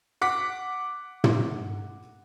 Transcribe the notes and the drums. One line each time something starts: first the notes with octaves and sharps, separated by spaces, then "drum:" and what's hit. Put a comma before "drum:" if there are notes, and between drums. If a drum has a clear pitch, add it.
F#5 D6 B6
drum: tom